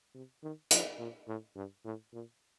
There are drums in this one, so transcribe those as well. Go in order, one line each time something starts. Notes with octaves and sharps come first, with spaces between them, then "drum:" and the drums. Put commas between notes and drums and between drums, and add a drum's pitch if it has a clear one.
C3
D#3
F3, drum: hi-hat
A#2
A2
G2
A2
A#2